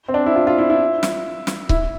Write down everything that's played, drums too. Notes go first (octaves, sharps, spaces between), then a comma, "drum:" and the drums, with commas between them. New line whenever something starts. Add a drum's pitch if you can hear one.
C4
D4
E4
F4
F4
E4
E4
drum: snare
drum: snare
E4, drum: kick C#1